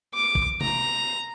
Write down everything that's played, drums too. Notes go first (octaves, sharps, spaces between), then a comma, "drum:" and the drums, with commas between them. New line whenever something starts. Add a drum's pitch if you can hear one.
D6
drum: kick
A#5, drum: tom C3